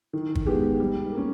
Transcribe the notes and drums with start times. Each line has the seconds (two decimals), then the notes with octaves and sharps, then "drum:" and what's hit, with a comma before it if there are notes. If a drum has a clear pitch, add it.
0.13 D#3
0.35 drum: kick G1
0.46 G#3 B3 G4
0.80 G3
1.12 A#3 C#4